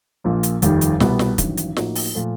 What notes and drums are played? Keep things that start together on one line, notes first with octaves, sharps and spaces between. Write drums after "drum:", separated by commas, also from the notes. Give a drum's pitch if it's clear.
A#1 A#2 F3 A#3
drum: hi-hat
F1 D#2 D#3 G3, drum: hi-hat
drum: hi-hat
C2 B2 G3 B3, drum: snare
drum: snare
A1 G2 D#3 F#3, drum: kick, hi-hat
drum: hi-hat
A2 F3 A#3 D#4 F#4, drum: snare
drum: open hi-hat
A#2 F3 A3